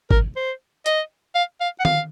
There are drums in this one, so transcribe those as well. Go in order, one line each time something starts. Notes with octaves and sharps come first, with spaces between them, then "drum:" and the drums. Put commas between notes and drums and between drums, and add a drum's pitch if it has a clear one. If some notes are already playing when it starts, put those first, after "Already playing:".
A#4, drum: kick G#1
C5
D#5, drum: hi-hat
F5
F5
F#5
F5, drum: tom D#3